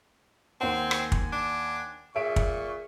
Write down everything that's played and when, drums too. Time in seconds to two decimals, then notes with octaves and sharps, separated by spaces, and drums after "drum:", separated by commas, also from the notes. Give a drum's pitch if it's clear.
0.61 D#2 C4 F#5 G#5
0.91 drum: rim click
1.12 drum: kick
1.32 D4
2.15 A#2 G#4 E5 C#6 D7
2.36 drum: kick